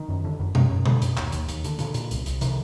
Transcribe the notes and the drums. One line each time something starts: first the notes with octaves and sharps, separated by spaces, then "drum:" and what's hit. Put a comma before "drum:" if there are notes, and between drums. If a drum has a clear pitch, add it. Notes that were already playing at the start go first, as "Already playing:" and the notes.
Already playing: D#3
F#2
D3
F#2
F#2, drum: tom B2
F#2
D3, drum: tom B2
F#2, drum: hi-hat
D#2, drum: clap
D#2, drum: hi-hat
D#2, drum: hi-hat
D3, drum: hi-hat
A#2 D3, drum: hi-hat
A#2, drum: hi-hat
C2, drum: hi-hat
C2, drum: hi-hat
C3 D#3, drum: hi-hat